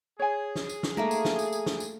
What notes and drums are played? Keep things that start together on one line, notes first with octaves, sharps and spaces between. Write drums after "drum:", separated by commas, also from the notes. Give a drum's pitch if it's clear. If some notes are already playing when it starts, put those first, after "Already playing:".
G#4 C#5 G#5
drum: snare
drum: tambourine
drum: snare
A3 A#3 A#4, drum: tom
drum: tambourine
drum: snare
drum: tambourine
drum: tambourine
drum: snare
drum: tambourine